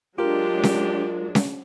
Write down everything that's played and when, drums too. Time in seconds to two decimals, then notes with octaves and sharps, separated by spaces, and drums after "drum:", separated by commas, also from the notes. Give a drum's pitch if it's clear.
0.18 F#3 G#3 D4 F4 G4 A#4
0.63 drum: snare C#4
1.35 drum: snare C#4